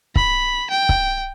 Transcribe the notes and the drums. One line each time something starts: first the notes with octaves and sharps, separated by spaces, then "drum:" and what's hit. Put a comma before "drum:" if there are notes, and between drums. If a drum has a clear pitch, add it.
B5, drum: kick C#1
G5
drum: kick C#1